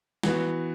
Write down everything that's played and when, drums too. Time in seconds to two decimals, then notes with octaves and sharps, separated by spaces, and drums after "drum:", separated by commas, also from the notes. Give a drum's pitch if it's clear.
0.23 E3 B3 F#4, drum: snare